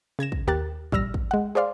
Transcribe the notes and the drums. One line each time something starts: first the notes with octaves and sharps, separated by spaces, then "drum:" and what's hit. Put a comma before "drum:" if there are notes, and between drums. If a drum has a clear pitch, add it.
C#3 G#6 A#6 E7
drum: kick
D#2 G4 A#4 F#6 A6
A#1 G3 E6 F6 A#6, drum: kick
drum: kick
G#3 F#5
G#4 C5 D5 F5 C6